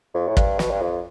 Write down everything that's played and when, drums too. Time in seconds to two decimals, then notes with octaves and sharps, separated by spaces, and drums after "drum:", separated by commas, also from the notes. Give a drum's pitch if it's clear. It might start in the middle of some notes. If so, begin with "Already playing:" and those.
0.14 F2
0.28 A2
0.37 G2, drum: kick
0.59 B2, drum: snare
0.71 G2
0.81 F2